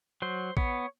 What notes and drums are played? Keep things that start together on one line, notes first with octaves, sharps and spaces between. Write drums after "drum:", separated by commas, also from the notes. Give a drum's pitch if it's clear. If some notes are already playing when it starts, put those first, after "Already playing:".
F#3 C5
B3 C#5, drum: kick